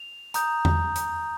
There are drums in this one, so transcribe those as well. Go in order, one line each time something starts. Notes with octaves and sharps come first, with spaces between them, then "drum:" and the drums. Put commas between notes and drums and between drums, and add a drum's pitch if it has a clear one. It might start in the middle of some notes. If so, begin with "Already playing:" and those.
Already playing: F7
A#5 D#6 G6, drum: hi-hat
drum: tom E2
drum: hi-hat